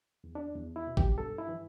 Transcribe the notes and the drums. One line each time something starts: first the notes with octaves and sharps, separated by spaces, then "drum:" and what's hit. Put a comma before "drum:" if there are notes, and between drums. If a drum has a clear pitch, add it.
E2
D4
E2
E4
B2
G4, drum: kick
G2 A4
E4
E3